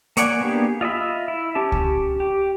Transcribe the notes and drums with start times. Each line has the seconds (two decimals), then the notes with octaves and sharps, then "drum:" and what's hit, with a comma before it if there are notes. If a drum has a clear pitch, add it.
0.17 A#3 C#5 D5 F#5 G#5, drum: hi-hat
0.41 A#3 B3 D4 G4 G#4
0.81 F4 D#5 E5 B5
1.28 E4
1.55 C#4 G4 A5
1.72 drum: kick C#2
2.20 G4